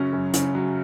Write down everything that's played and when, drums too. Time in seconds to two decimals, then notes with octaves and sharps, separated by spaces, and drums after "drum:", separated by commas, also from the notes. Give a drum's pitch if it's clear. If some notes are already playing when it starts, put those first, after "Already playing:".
Already playing: F#2 C#3 F#3 C#4
0.13 F#2
0.34 C#3, drum: hi-hat
0.55 F#3